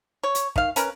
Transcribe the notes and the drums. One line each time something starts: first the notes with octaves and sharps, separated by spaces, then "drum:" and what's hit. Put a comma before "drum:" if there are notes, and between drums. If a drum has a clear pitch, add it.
C#5
drum: hi-hat
D#3 F5, drum: kick
C#4 A#4 B4, drum: hi-hat